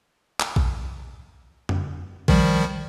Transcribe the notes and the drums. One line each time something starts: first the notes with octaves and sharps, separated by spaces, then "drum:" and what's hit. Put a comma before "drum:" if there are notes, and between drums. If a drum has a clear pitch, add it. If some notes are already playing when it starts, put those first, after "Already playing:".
drum: clap
drum: kick A#1
drum: tom F2
D#3 F3 G3, drum: kick A#1